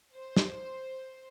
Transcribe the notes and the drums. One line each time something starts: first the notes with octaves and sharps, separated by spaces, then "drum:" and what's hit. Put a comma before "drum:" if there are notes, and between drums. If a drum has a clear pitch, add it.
C5
drum: snare